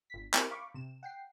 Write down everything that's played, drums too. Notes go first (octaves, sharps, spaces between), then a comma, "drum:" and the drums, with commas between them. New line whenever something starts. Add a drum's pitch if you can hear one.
G1 B6
C4 E4 G4 A#4, drum: clap
F5 B5 C#6 D6
C3 E7
F#5 G5 C7